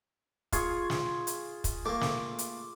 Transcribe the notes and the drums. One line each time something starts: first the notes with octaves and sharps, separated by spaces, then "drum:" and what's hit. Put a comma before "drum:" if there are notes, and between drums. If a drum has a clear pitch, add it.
F4 G#4 C#6, drum: kick, hi-hat
drum: snare
drum: hi-hat
drum: kick, hi-hat
A3 A#3 D6
drum: snare
drum: hi-hat